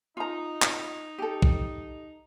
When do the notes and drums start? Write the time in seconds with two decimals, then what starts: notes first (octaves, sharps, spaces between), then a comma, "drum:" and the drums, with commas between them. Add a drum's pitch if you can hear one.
0.17 D#4 F4 A#5
0.62 drum: clap
1.19 G4 A4
1.42 drum: kick